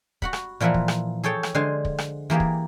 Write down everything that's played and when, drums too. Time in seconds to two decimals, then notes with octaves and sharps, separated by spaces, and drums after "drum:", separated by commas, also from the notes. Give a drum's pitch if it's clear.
0.22 F#4 F#5 B5, drum: kick
0.33 drum: rim click
0.60 A#2 E3 F3 A#4 E5 F#5
0.74 drum: kick
0.88 drum: rim click
1.24 G#4 A4 C#5 G5 A5
1.43 drum: rim click
1.55 D3 G#3 C5 F5 G#5
1.85 drum: kick
1.98 drum: rim click
2.30 E3 A#3 G4 G#4
2.40 drum: kick